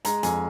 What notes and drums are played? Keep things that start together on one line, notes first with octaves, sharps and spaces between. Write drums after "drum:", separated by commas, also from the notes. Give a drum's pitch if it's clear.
G#3 A#5, drum: hi-hat
F2 G#5, drum: hi-hat